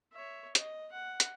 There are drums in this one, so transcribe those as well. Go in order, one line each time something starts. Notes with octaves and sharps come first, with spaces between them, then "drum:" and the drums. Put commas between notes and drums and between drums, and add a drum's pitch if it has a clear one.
C#5 E5
D#5, drum: hi-hat
F#5
drum: hi-hat